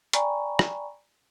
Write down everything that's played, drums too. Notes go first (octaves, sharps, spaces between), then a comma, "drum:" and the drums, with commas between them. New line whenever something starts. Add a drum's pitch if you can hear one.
D5 G5 G#5 A#5 B5 C#6, drum: hi-hat
drum: rim click